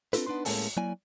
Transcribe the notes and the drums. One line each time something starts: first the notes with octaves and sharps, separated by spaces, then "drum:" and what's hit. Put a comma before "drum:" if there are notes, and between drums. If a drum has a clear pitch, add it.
C4 D4 D#4 F4 A4 B4, drum: hi-hat
B3 D4 D#4 B4 C6
A2 G#3 A#3 C#4 A4, drum: open hi-hat
F#3 A#3 E4 D5 G#5